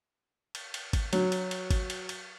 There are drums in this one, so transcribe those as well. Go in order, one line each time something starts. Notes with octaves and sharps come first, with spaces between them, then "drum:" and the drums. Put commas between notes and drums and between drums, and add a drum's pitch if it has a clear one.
drum: cymbal
drum: cymbal
drum: kick G#1, cymbal
F#3, drum: cymbal
drum: cymbal
drum: cymbal
drum: kick G#1, cymbal
drum: cymbal
drum: cymbal